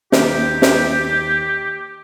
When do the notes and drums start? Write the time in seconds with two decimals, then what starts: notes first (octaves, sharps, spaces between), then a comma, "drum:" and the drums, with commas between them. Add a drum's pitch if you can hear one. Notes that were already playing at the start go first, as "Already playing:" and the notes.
0.12 D#2 G4, drum: snare
0.62 drum: snare